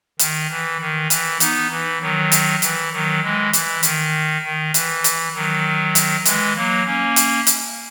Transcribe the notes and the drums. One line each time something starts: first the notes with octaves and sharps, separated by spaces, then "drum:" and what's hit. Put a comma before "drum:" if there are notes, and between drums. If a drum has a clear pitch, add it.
D#3, drum: hi-hat
E3
D#3
E3, drum: hi-hat
B3 D#4, drum: hi-hat
E3
D#3 F#3
drum: hi-hat
E3, drum: hi-hat
D#3 F#3
E3 G#3
E3, drum: hi-hat
D#3, drum: hi-hat
D#3
E3, drum: hi-hat
drum: hi-hat
D#3 F#3
drum: hi-hat
E3 G#3, drum: hi-hat
F#3 A#3
A#3 C#4
drum: hi-hat
drum: hi-hat